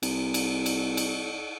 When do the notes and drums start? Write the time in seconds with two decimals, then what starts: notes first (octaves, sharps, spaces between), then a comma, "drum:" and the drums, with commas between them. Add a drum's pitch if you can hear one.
0.03 C2, drum: cymbal
0.34 drum: cymbal
0.66 drum: cymbal
0.97 drum: cymbal